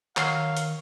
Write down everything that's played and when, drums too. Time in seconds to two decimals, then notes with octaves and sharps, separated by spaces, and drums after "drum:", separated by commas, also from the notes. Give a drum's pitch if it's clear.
0.17 D#3 F#3 F5 F6 C7, drum: clap
0.57 drum: hi-hat